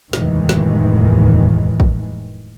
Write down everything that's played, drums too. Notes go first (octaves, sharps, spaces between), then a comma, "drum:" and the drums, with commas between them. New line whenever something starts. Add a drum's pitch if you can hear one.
F1 D#2 A2 D#3 E3 G#3, drum: snare
drum: snare
drum: kick